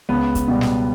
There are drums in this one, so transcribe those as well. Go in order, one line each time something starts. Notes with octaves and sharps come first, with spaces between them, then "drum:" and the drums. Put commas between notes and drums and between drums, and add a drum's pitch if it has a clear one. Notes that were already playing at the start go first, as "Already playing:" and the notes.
C#2 B3
drum: kick, hi-hat
B2 G3
drum: snare